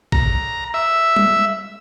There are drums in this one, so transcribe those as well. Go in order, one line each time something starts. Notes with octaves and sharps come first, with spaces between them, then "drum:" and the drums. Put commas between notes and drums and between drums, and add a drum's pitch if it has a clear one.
A#5, drum: kick A1
E5
drum: tom G3